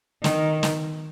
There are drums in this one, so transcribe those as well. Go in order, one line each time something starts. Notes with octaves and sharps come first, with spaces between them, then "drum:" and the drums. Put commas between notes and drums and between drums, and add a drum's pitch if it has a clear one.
D#3, drum: snare
drum: snare